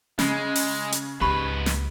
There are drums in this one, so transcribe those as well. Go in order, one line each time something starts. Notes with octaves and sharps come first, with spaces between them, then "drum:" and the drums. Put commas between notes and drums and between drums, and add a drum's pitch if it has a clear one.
C#3 G#3, drum: snare
drum: open hi-hat
drum: hi-hat
C#2 G#2 G4 B4 B5 C#6
drum: snare